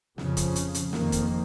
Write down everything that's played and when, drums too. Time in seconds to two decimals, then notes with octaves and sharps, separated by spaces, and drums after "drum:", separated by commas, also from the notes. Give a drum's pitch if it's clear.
0.18 F2 C#3 F3, drum: snare
0.37 drum: kick, hi-hat
0.56 drum: hi-hat
0.74 drum: hi-hat
0.93 F2 D#3 A#3, drum: snare
1.12 drum: kick, hi-hat